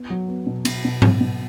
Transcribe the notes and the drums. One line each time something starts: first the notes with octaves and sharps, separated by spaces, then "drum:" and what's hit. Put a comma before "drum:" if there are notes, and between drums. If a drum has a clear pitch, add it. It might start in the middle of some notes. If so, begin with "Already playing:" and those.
Already playing: B3
F#3
B3
B2
B2, drum: cymbal
B2
F#3, drum: tom G#2
B2